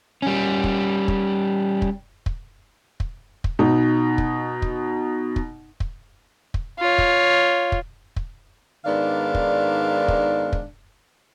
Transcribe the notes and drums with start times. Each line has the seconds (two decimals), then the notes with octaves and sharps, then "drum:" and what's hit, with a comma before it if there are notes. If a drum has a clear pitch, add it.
0.22 G3 C#4
0.64 drum: kick
1.08 drum: kick
1.82 drum: kick
2.26 drum: kick
3.00 drum: kick
3.44 drum: kick
3.59 B2 D#4
4.18 drum: kick
4.62 drum: kick
5.36 drum: kick
5.80 drum: kick
6.54 drum: kick
6.79 F4 C#5
6.98 drum: kick
7.72 drum: kick
8.16 drum: kick
8.85 G#2 D#3 B3 D4 D5 F5
9.34 drum: kick
10.08 drum: kick
10.53 drum: kick